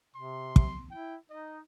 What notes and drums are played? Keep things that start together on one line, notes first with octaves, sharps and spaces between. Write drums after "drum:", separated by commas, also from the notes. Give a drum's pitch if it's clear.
C3 C6
drum: kick
E4 G5
D#4 D#5